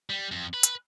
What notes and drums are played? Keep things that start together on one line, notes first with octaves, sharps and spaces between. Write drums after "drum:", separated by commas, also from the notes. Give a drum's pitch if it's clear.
G3
F2
B4
drum: hi-hat